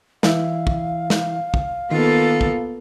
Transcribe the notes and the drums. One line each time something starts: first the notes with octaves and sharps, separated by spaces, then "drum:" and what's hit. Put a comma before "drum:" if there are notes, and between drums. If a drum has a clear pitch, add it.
E3 E4 E5 F5, drum: snare
drum: kick
drum: snare
drum: kick
D#3 A#3 B3 F4 A4
drum: kick